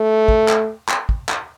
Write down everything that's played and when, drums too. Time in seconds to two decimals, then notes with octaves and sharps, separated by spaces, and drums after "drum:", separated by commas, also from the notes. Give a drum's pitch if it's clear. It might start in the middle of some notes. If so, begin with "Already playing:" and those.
Already playing: A3
0.28 drum: kick
0.48 drum: clap
0.89 drum: clap
1.09 drum: kick
1.29 drum: clap